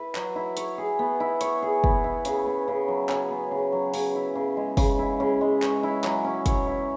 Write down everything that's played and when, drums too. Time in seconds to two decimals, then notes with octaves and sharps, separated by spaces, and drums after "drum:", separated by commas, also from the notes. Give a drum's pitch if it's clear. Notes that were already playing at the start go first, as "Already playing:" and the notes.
Already playing: E4 B4
0.15 F#3, drum: clap
0.36 E4
0.57 C#5, drum: hi-hat
0.78 G#4
0.99 B3
1.20 E4
1.41 C#5, drum: hi-hat
1.62 G#4
1.84 B3, drum: kick
2.04 E4
2.25 C#3, drum: hi-hat
2.46 B3
2.68 C#3
2.88 F#3
3.09 C#3, drum: clap
3.30 B3
3.51 C#3
3.72 F#3
3.94 C#3, drum: open hi-hat
4.15 E4
4.35 C#3
4.57 G#3
4.77 C#3, drum: kick, open hi-hat
4.99 E4
5.20 C#3
5.41 G#3
5.62 C#5, drum: clap
5.83 E4
6.04 F#3, drum: clap
6.24 C#4
6.46 C#5, drum: kick, hi-hat
6.67 E4